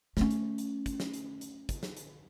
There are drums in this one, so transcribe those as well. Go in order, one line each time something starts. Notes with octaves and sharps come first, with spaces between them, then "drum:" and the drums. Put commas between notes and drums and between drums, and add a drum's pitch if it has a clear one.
A3 C#4, drum: snare
drum: hi-hat
drum: hi-hat
drum: kick, hi-hat
drum: snare
drum: hi-hat
drum: hi-hat
drum: kick, hi-hat
drum: snare
drum: hi-hat